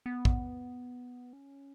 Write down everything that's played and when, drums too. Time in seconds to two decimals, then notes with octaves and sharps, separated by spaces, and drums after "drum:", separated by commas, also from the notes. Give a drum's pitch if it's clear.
0.06 B3
0.25 drum: kick
1.33 C#4